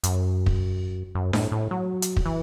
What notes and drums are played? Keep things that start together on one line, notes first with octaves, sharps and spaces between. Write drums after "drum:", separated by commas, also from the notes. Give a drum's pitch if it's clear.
F#2, drum: hi-hat
drum: kick
F#2
A2, drum: snare D4
A2
F#3
drum: hi-hat
drum: kick
E3